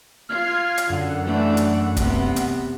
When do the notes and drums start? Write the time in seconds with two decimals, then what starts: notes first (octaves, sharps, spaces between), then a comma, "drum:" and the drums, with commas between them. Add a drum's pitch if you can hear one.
0.29 F4 F6 G#6 C7
0.78 drum: hi-hat
0.90 F#2 D3 F#5
1.24 E3 A3 D4
1.57 drum: hi-hat
1.97 C3 B3, drum: kick, hi-hat
2.36 drum: hi-hat